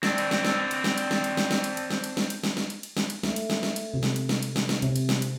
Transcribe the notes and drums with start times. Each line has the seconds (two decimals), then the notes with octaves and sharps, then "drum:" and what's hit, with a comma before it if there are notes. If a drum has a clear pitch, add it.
0.03 C4 D4, drum: snare
0.18 drum: cymbal
0.31 drum: snare
0.45 drum: snare
0.71 drum: cymbal
0.84 drum: snare
0.98 drum: cymbal
1.11 drum: snare
1.24 drum: cymbal
1.37 drum: snare
1.51 drum: snare
1.64 drum: cymbal
1.77 drum: cymbal
1.90 drum: snare
2.04 drum: cymbal
2.17 drum: snare
2.30 drum: cymbal
2.44 drum: snare
2.57 drum: snare
2.70 drum: cymbal
2.83 drum: cymbal
2.97 drum: snare
3.10 drum: cymbal
3.23 A3, drum: snare
3.36 drum: cymbal
3.50 drum: snare
3.63 drum: snare
3.76 drum: cymbal
3.94 C3
4.03 drum: snare
4.16 drum: cymbal
4.29 drum: snare
4.43 drum: cymbal
4.56 drum: snare
4.69 drum: snare
4.82 C3, drum: cymbal
4.96 drum: cymbal
5.09 drum: snare
5.22 drum: cymbal